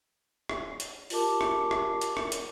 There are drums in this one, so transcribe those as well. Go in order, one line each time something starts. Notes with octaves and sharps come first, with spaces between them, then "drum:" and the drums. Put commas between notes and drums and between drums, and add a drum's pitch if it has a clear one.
drum: rim click
drum: hi-hat
F4 G4 A#4 A5 D6, drum: open hi-hat
drum: rim click
drum: rim click
drum: hi-hat
drum: rim click
drum: hi-hat